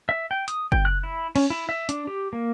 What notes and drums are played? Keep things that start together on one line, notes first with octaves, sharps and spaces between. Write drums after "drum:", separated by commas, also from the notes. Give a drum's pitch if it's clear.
E5
G5
D#6, drum: hi-hat
G5, drum: kick
F#6
E4
C#4, drum: cymbal
E4
E5
D4, drum: hi-hat
G4
A#3